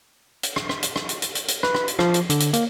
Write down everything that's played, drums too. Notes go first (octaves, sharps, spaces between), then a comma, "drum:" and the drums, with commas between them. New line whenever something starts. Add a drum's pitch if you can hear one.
drum: hi-hat
drum: rim click
drum: rim click
drum: hi-hat
drum: rim click
drum: hi-hat
drum: hi-hat
drum: hi-hat
drum: hi-hat
B4, drum: rim click
drum: rim click
drum: hi-hat
F3, drum: rim click
drum: hi-hat
D3, drum: hi-hat
drum: hi-hat
A#3, drum: hi-hat